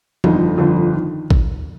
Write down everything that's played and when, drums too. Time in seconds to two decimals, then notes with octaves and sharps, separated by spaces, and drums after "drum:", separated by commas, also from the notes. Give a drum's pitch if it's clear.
0.24 G1 F2 D3 D#4, drum: tom E3
0.58 G1 F2 D3
0.94 D#3
1.31 drum: kick